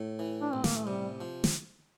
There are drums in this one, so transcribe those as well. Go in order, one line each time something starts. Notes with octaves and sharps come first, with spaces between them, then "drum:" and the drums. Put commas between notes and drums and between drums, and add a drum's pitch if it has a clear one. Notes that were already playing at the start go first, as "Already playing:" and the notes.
Already playing: A2
E3
D4
A1 C4
A#3, drum: snare
A3
C3 G3
F3
drum: snare